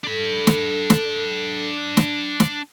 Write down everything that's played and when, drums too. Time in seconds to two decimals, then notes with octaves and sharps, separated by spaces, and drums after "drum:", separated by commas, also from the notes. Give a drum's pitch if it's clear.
0.04 D4 A4 B5
0.47 drum: snare
0.90 drum: snare
1.97 drum: snare
2.40 drum: snare